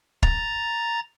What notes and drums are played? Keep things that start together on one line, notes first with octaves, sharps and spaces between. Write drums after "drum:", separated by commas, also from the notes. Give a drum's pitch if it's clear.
A#5 A6, drum: kick